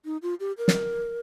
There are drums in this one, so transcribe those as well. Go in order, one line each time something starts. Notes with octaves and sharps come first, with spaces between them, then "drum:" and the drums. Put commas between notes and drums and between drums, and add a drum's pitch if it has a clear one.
D#4
F4
G4
A#4
drum: snare